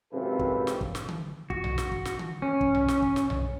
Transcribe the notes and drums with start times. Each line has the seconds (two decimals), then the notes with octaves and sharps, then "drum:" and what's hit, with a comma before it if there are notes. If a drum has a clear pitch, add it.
0.14 G#1 F#2 C3 F4 A4 B4
0.39 drum: kick
0.67 drum: snare
0.81 drum: kick
0.95 drum: snare
1.09 drum: tom D3
1.50 F#4, drum: kick
1.64 drum: tom B1
1.78 drum: snare
1.92 drum: kick
2.05 drum: snare
2.19 drum: tom D3
2.42 C#4
2.61 drum: kick
2.75 drum: tom B1
2.88 drum: snare
3.02 drum: kick
3.16 drum: snare
3.30 drum: tom B1